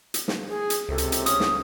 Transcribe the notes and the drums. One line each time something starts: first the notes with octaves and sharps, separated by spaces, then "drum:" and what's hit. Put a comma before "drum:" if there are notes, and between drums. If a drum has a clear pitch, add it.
drum: hi-hat
drum: snare
G#4
drum: hi-hat
C#2 C3 A4
drum: hi-hat
drum: hi-hat
C#4 D#6, drum: hi-hat
drum: snare